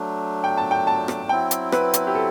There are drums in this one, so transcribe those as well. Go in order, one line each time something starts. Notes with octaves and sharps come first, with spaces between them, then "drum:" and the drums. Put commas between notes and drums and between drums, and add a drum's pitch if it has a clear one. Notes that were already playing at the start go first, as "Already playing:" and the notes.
Already playing: F#3 A3 D4
G5
A5
G5
A5
drum: rim click
F#3 C4 E4 G5
drum: hi-hat
B4, drum: rim click
drum: hi-hat
G4
A4